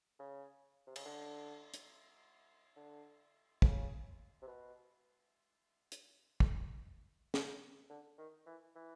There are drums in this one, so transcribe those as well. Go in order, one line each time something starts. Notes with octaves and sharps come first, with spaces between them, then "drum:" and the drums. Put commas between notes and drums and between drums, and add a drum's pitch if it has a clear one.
C#3
C3
C#3, drum: cymbal
D3
drum: hi-hat
D3
C#3, drum: kick
C3
B2
drum: hi-hat
drum: kick
drum: snare
D3
D#3
E3
E3